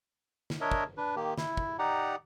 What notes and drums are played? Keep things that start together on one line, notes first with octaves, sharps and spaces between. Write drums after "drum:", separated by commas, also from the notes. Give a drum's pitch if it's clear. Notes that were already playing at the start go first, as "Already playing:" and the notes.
drum: snare
D4 A#4 C#5 D#5 E5
drum: kick
D4 B4
D#3 A#3 G4
E4, drum: snare
drum: kick
D#4 G4 D5 F#5 A#5